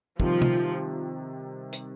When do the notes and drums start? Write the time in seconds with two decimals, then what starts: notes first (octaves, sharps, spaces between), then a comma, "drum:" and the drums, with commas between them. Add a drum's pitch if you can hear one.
0.20 C3 D#3 F3 G3, drum: kick
0.42 drum: tom C3
1.73 drum: hi-hat